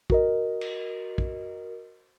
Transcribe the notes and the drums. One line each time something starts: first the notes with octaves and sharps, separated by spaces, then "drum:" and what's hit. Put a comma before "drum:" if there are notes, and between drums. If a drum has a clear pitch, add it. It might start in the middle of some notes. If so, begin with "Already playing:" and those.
F#4 A#4 D#5, drum: kick
drum: cymbal
drum: kick